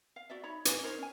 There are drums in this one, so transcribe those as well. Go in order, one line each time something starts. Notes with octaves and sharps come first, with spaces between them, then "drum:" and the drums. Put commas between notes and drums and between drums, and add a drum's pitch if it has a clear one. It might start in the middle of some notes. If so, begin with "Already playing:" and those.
F5
F#4 D5 E5
D#4 C#5 B5
B4 G#5, drum: hi-hat
D#4 A#4 C5 C#5
C#4 G#5